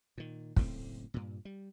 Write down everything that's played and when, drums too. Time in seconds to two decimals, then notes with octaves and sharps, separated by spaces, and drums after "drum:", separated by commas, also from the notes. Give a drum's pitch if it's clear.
0.18 A#2 D#3
0.56 F#1 A2 A3 C4, drum: kick
1.14 G2 A#2
1.45 G3